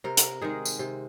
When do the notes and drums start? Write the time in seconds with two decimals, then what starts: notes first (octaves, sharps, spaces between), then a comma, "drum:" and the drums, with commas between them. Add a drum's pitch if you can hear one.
0.04 C3 A#4
0.17 drum: hi-hat
0.41 D#3 G#3 G#4
0.65 drum: tambourine
0.79 C3